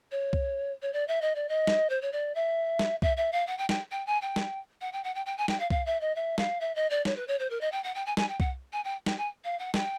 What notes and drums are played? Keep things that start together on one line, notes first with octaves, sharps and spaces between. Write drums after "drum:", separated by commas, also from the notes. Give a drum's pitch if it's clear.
C#5
drum: kick C2
C#5
D5
E5
D#5
D5
D#5
drum: snare
C5
C#5
D5
E5
drum: snare
E5, drum: kick C2
E5
F5
F#5
G5
G5, drum: snare
G5
G#5
G5
drum: snare
F#5
G5
F#5
G5
G5
G#5
G5, drum: snare
F5
F5, drum: kick C2
E5
D#5
E5
F5, drum: snare
E5
D#5
D5
C#5, drum: snare
B4
C#5
C5
A#4
D#5
G5
F#5
G5
G#5
G#5, drum: snare
G5
F#5, drum: kick C2
G#5
G5
G5, drum: snare
G#5
F5
F#5
G5, drum: snare